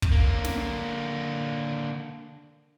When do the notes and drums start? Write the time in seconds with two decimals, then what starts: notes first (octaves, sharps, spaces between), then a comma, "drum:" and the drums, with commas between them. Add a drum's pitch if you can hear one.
0.02 drum: kick
0.11 D3 A#3
0.44 drum: snare